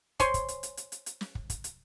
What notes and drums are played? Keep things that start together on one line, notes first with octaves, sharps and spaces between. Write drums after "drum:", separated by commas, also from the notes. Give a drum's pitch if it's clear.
C5 C#5 G#5 C6, drum: kick, hi-hat
drum: kick, hi-hat
drum: hi-hat
drum: hi-hat
drum: hi-hat
drum: hi-hat
drum: hi-hat
drum: snare
drum: kick
drum: kick, hi-hat
drum: hi-hat